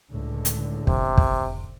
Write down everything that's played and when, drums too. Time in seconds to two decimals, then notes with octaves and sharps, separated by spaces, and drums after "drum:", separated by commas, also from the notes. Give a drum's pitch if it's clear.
0.11 C#2 A2 D3
0.45 drum: hi-hat
0.87 F1 C3, drum: kick
1.17 drum: kick